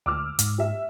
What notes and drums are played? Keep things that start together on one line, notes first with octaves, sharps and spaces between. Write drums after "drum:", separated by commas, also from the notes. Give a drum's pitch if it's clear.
D2 D6 E6 F6
G#2, drum: hi-hat
G4 E5